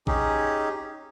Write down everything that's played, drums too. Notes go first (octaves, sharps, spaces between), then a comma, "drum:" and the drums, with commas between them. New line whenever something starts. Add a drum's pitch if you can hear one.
C#4 D#4 G4 G#4, drum: kick A1